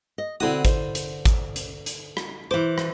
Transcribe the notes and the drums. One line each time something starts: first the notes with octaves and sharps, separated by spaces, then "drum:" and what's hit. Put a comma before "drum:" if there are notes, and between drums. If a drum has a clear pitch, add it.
D#5
D3 C4 E4 F#4 D#6
C5, drum: kick, hi-hat
drum: hi-hat
drum: kick, hi-hat
drum: hi-hat
drum: hi-hat
drum: rim click
E3 C5 D6
drum: rim click